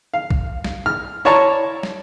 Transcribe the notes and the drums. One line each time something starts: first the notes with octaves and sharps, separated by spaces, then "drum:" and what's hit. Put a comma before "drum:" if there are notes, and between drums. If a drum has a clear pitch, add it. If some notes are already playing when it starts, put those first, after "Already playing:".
F5
drum: kick A#1
drum: snare
F6
E4 C#5 D5 A5 A#5 C#6
drum: snare